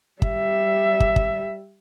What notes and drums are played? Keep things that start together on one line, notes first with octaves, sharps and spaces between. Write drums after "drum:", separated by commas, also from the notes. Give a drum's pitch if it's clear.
G3 E5, drum: kick
drum: kick
drum: kick